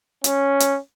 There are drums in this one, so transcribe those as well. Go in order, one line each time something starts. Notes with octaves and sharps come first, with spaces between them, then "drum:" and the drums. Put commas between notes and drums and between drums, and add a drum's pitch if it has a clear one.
C#4, drum: hi-hat
drum: hi-hat